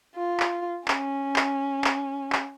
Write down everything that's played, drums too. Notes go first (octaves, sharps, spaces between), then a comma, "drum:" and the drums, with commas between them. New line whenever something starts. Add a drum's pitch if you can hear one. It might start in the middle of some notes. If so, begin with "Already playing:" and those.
F4
drum: clap
C#4, drum: clap
drum: clap
drum: clap
drum: clap